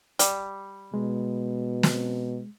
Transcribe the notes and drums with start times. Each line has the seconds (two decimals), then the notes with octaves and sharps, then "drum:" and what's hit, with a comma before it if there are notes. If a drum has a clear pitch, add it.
0.19 G3, drum: hi-hat
0.94 B2 G#3
1.83 drum: snare